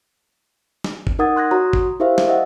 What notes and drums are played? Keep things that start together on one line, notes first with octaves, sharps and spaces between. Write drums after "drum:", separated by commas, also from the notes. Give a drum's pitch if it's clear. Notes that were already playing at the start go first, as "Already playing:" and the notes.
drum: snare
drum: kick
D#4 A#4 F#5 D#6 G#6 A6
C6 F#6 G#6 A#6
F#4 C#5 A#5 C6 D#6
drum: kick
E4 G4 A#4 C5 E5 F5
drum: snare
D#5 E5 F#5